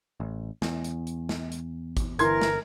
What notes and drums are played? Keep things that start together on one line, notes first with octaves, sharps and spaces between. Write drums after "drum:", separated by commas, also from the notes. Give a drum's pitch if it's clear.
A1
E2, drum: snare
drum: hi-hat
drum: hi-hat
drum: snare
drum: hi-hat
drum: kick G#1, hi-hat
G1 E3 A#4 C6 G#6, drum: hi-hat
drum: snare